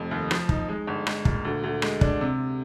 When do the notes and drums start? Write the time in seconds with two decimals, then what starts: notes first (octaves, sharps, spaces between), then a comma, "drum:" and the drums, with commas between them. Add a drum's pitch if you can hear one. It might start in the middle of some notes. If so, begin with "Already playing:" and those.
Already playing: F1 F2
0.11 D#2
0.31 F3, drum: rim click
0.49 D#4, drum: kick
0.68 G#3
0.87 G1
1.07 G#3, drum: rim click
1.25 A#2, drum: kick
1.45 D2
1.64 D2
1.82 G#3, drum: rim click
2.01 D4, drum: kick
2.21 C3